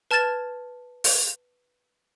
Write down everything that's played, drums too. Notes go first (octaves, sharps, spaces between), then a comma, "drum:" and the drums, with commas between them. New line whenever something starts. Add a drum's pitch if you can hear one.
B4 A5 F6 G#6 A6 E7
drum: open hi-hat